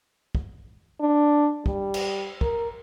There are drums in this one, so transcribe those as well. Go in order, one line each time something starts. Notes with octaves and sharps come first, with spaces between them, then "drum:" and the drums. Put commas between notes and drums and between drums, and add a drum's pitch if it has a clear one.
drum: kick
D4
G3, drum: kick
drum: cymbal
A#4, drum: kick